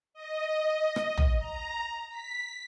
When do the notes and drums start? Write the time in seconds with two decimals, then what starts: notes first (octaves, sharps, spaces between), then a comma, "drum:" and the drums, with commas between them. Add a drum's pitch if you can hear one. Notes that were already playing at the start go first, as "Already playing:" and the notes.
0.14 D#5
0.96 drum: rim click
1.17 drum: tom
1.38 A#5
2.10 B6